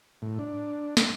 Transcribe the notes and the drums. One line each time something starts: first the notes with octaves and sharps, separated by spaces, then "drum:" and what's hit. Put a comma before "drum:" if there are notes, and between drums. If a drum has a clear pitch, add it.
A2
D4
A3, drum: snare